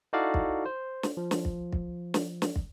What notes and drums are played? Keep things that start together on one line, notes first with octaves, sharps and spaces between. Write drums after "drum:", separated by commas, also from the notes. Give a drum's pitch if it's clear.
D#4 E4 F#4 A4 D5 F5
drum: kick
C5
drum: snare
F3
drum: snare
drum: kick
drum: kick
drum: snare
drum: snare
drum: kick